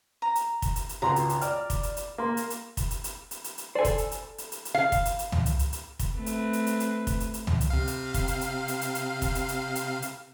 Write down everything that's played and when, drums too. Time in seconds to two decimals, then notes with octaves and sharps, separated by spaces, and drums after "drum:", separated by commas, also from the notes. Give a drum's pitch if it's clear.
0.22 A#5
0.35 drum: hi-hat
0.62 drum: kick, hi-hat
0.76 drum: hi-hat
0.89 drum: hi-hat
1.02 G#1 C#2 A#5 C6
1.16 drum: hi-hat
1.29 drum: hi-hat
1.41 D5 F6, drum: hi-hat
1.70 drum: kick, hi-hat
1.83 drum: hi-hat
1.97 drum: hi-hat
2.18 A#3 C6
2.37 drum: hi-hat
2.50 drum: hi-hat
2.77 drum: kick, hi-hat
2.91 drum: hi-hat
3.04 drum: hi-hat
3.31 drum: hi-hat
3.44 drum: hi-hat
3.58 drum: hi-hat
3.75 A4 C5 D5 G#5
3.85 drum: kick, hi-hat
3.98 drum: hi-hat
4.11 drum: hi-hat
4.38 drum: hi-hat
4.52 drum: hi-hat
4.65 drum: hi-hat
4.75 F5
4.92 drum: kick, hi-hat
5.05 drum: hi-hat
5.19 drum: hi-hat
5.32 drum: tom C#2
5.46 drum: hi-hat
5.59 drum: hi-hat
5.73 drum: hi-hat
5.99 drum: kick, hi-hat
6.16 A3 C4 B4
6.26 drum: hi-hat
6.53 drum: hi-hat
6.67 drum: hi-hat
6.80 drum: hi-hat
7.07 drum: kick, hi-hat
7.20 drum: hi-hat
7.34 drum: hi-hat
7.47 drum: tom C#2
7.61 drum: hi-hat
7.70 C3 F5
7.87 drum: hi-hat
8.14 drum: kick, hi-hat
8.28 drum: hi-hat
8.41 drum: hi-hat
8.68 drum: hi-hat
8.81 drum: hi-hat
8.95 drum: hi-hat
9.22 drum: kick, hi-hat
9.35 drum: hi-hat
9.49 drum: hi-hat
9.75 drum: hi-hat
10.02 drum: hi-hat